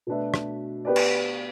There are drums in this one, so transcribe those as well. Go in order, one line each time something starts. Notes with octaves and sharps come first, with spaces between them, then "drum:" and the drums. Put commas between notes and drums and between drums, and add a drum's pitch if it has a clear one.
B2 A3 D4 B4 E5
drum: rim click
B3 G4 B4 D5
drum: cymbal